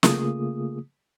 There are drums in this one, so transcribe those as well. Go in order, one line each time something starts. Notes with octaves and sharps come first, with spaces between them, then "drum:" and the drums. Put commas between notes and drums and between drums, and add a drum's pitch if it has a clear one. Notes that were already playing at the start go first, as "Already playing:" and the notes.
C#3 A3 A#3 F4 G#4 D#6, drum: snare